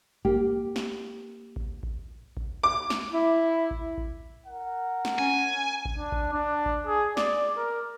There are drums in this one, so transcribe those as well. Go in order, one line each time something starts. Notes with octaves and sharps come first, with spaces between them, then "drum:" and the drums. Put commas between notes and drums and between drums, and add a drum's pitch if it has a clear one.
A#3 G4, drum: kick A1
drum: snare
drum: kick A1
drum: kick A1
drum: kick A1
D6
drum: snare
E4
drum: kick A1
drum: kick A1
A#4 F#5
drum: snare
C#4 G#5
drum: kick A1
D4
drum: kick A1
D4
drum: kick A1
G#4
D5, drum: snare
A#4